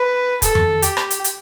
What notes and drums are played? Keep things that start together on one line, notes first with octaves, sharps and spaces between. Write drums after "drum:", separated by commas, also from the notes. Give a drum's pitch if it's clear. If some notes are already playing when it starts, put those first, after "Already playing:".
Already playing: B4
A4, drum: kick, hi-hat
drum: tom F2
G4, drum: hi-hat
drum: rim click
drum: hi-hat
drum: hi-hat